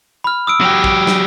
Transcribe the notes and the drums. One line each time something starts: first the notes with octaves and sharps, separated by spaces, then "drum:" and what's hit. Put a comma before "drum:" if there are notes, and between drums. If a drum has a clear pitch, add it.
B5 F6
D#6 E6 D7
F#3 G4
drum: kick
drum: snare